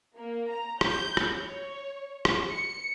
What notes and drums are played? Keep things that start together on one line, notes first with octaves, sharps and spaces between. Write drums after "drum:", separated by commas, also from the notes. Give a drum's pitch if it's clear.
A#3
A#5
G6, drum: rim click
drum: rim click
C#5
drum: rim click
C#7